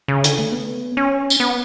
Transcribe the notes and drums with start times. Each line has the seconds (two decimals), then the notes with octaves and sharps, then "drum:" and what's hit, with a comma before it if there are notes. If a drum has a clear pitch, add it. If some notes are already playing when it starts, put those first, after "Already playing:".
0.08 C#3
0.24 D3, drum: hi-hat
0.39 A3
0.52 B3
0.97 C#4
1.30 drum: tambourine
1.40 B3